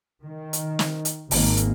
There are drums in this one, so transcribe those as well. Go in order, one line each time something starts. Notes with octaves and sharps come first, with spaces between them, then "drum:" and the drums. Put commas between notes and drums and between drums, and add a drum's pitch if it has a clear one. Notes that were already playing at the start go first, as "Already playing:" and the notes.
D#3
drum: hi-hat
drum: snare
drum: hi-hat
G#1 A#3, drum: open hi-hat
drum: hi-hat